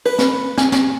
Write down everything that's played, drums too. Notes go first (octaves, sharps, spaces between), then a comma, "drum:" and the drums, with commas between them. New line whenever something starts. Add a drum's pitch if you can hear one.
B4, drum: open hi-hat
drum: snare
G#5, drum: snare
drum: snare